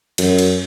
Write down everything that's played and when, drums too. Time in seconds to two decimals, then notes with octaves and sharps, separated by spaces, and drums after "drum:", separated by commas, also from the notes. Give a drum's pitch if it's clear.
0.18 F#2, drum: cymbal
0.38 drum: cymbal